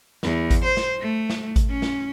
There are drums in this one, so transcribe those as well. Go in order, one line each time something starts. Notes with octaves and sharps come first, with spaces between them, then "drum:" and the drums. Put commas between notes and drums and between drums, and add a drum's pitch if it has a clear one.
E2, drum: snare
drum: kick G#1, hi-hat
C5
drum: snare
A3
drum: snare
drum: kick G#1, hi-hat
C#4
drum: snare